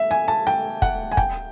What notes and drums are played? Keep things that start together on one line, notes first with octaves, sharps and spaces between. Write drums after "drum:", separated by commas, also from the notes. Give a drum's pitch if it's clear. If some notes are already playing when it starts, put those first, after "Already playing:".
Already playing: E5
G#5
A5
G5
F#5, drum: kick
G#5
G5, drum: kick